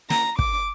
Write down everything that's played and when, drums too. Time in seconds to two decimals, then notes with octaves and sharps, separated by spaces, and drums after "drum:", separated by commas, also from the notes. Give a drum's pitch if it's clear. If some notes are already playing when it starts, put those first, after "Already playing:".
0.10 A#5, drum: snare
0.39 D6, drum: kick